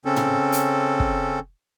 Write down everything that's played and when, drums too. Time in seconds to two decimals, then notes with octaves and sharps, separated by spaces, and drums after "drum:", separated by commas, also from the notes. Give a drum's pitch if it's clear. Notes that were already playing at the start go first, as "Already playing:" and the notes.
0.05 C#3 C4 C#4 A4
0.16 drum: tom
0.52 drum: hi-hat
1.00 drum: kick